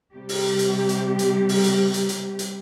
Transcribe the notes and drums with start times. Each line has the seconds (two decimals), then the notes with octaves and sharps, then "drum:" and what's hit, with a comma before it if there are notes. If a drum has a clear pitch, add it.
0.14 C3 G3 G4
0.29 drum: open hi-hat
0.59 drum: hi-hat
0.89 drum: hi-hat
1.19 drum: hi-hat
1.49 drum: open hi-hat
1.64 drum: hi-hat
1.94 drum: hi-hat
2.09 drum: hi-hat
2.39 drum: hi-hat